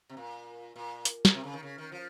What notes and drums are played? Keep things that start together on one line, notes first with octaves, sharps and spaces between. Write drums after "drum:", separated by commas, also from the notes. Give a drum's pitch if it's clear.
C3
A#2
A#2
drum: hi-hat
G#2, drum: snare
C3
C#3
D#3
C#3
D#3
F3